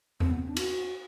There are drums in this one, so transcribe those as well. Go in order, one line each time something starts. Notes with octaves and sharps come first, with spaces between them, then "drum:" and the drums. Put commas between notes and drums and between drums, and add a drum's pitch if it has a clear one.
C4, drum: tom E2
B3
C4
D4
F#4, drum: cymbal